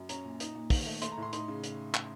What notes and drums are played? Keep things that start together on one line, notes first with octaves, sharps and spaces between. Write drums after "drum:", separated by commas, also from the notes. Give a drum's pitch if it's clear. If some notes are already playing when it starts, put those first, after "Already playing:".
Already playing: F#2
C#4 A#5, drum: hi-hat
A#2
D#4, drum: hi-hat
A#2
D#3, drum: kick, open hi-hat
A3
A3 C6, drum: hi-hat
A#5
A2
C6
D#4 C6, drum: hi-hat
C#3
drum: hi-hat
drum: clap